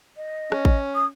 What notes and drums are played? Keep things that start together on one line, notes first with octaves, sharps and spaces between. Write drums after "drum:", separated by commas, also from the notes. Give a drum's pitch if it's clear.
D#5
C#4, drum: rim click
drum: kick A1
D#6